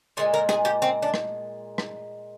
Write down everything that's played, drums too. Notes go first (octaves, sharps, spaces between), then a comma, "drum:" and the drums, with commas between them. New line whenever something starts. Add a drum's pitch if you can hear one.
A#2 G#3 G#4
A#4
G#4, drum: rim click
G4
C4
D4
drum: rim click
drum: rim click